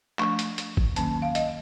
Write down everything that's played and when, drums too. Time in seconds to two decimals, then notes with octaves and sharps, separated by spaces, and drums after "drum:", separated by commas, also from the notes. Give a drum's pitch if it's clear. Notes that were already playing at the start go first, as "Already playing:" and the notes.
0.19 F3 A3 D4 C#6, drum: clap
0.39 drum: hi-hat
0.58 drum: hi-hat
0.77 drum: kick G1
0.96 D#3 F#3 A#3 C#4 A5, drum: hi-hat
1.22 F5
1.35 D#5, drum: hi-hat